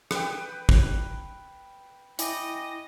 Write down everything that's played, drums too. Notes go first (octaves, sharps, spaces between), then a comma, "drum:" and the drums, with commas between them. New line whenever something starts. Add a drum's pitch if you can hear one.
B4 G5, drum: rim click
drum: kick
E4 D#5 G5 G#5 D6, drum: hi-hat